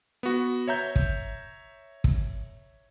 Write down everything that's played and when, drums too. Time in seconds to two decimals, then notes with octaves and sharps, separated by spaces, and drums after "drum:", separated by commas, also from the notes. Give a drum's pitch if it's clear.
0.23 B3 F#4
0.68 C#5 E5 A#5 G6
0.96 drum: kick
2.04 drum: kick